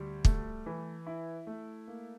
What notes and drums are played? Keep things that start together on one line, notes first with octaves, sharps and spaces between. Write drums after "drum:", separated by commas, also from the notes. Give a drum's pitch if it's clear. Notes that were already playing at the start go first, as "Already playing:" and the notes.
Already playing: D2 G3
A3, drum: kick
E3
E4
A3
A#3